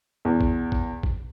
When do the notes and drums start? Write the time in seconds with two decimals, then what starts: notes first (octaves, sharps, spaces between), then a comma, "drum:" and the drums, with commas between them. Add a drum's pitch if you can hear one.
0.25 E2
0.41 drum: kick G#1
0.72 drum: kick G#1
1.03 drum: kick G#1